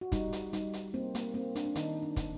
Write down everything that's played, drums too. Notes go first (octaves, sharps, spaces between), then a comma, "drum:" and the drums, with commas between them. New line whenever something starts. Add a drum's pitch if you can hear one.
F#4
G3 D#4, drum: kick, hi-hat
drum: hi-hat
G3 D#4, drum: hi-hat
drum: hi-hat
A#3 C4
A#3, drum: hi-hat
A#3 C4
D4, drum: hi-hat
D4
D#3 D#4, drum: hi-hat
D4
D#3, drum: kick, hi-hat